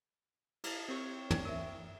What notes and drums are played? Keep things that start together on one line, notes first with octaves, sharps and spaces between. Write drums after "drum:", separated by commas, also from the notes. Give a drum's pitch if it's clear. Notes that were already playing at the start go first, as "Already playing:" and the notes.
E4 B4 D#5 F5 A5 D6, drum: cymbal
C4 G4 A#4 C#5
D5 G5, drum: tom
A#4 E5